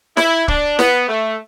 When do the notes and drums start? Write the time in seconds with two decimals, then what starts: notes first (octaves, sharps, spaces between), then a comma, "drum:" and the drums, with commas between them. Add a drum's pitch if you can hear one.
0.17 E4, drum: snare
0.48 D4, drum: kick C#1
0.79 B3, drum: snare
1.09 A3